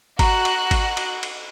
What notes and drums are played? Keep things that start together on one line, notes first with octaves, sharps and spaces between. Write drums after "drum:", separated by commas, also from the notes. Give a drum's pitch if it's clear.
F#4 A#5 F#6, drum: kick G#1, cymbal
drum: cymbal
drum: kick G#1, cymbal
drum: cymbal
drum: cymbal